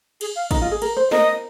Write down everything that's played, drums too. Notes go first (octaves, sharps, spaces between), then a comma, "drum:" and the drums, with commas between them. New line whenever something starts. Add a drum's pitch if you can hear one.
G#4, drum: cymbal
F5
D#4 D#5, drum: kick, cymbal
F4
G#4
A#4, drum: cymbal
C5
A#4 D#5, drum: snare